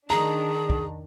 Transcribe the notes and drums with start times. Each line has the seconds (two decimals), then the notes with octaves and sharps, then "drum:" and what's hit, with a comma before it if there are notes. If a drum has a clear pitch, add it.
0.10 D#3 D4 G#4 A#5
0.70 drum: kick